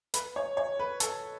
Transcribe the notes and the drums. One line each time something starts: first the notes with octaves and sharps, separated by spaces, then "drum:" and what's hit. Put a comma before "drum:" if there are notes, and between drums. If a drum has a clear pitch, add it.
B4, drum: hi-hat
C#5
C#5
B4
A4, drum: hi-hat